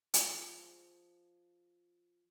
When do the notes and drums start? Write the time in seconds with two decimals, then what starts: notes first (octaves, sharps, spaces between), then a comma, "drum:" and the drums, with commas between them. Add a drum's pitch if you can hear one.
0.14 F3 G#4, drum: hi-hat